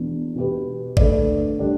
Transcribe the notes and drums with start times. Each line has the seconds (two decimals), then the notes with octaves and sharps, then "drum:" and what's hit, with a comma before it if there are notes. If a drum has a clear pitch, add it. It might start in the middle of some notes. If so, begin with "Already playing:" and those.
Already playing: E1 E2 B2 B3 D4
0.36 B2 B3 G4 B4
0.97 D3 A3 D4 B4 D5, drum: kick G#1
1.59 D3 G3 D4